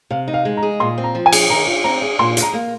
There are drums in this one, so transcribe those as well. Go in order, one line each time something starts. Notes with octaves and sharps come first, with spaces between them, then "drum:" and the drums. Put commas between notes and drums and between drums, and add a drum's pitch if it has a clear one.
C3 F5
D#4
F5
G#3
A#5
G#4
A#2 C6
C4
A#5
F3
G#5
G#4, drum: cymbal
D#3 A#5
F4
C4 A#5
G#4
A#2 C6
G#4, drum: hi-hat
A#5
A#3